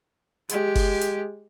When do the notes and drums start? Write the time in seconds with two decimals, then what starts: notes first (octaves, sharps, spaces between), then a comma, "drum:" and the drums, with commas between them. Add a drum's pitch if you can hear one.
0.49 G#3 G4, drum: hi-hat
0.75 drum: kick F#1, open hi-hat
1.01 drum: hi-hat